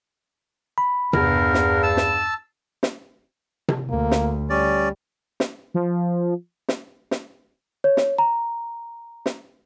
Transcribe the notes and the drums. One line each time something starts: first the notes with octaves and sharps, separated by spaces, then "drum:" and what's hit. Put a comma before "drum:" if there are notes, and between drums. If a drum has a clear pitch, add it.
B5
E2 G2 A#4, drum: tom C3
drum: snare
A5 E6
drum: snare
drum: snare
drum: tom C3
D2 A#3
drum: snare
G3 C#4 D5
drum: snare
F3
drum: snare
drum: snare
C#5
drum: snare
A#5
drum: snare